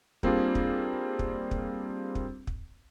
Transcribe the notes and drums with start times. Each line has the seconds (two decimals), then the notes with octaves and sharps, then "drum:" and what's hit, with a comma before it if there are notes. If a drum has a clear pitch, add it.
0.23 G3 A#3 C4 D4 F4 G#4, drum: kick
0.55 drum: kick
1.19 drum: kick
1.51 drum: kick
2.15 drum: kick
2.47 drum: kick